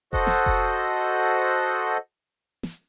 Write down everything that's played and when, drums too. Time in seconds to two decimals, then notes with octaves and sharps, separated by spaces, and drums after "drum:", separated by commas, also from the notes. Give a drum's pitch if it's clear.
0.13 F#4 A4 C5 D#5 F#5, drum: kick F1
0.27 drum: snare
0.46 drum: kick F1
2.63 drum: snare